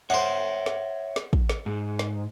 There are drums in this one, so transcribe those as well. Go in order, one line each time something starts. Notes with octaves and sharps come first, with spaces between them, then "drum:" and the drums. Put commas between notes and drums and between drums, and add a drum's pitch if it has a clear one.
C5 C#5 E5 F#5
drum: snare
drum: snare
drum: kick
drum: snare
G#2
drum: snare